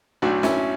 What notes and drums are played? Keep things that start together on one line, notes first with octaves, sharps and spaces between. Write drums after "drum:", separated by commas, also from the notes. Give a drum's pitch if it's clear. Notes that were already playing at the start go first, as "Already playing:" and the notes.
B1 A2 F#3 D4 F#4
C#4 E4, drum: snare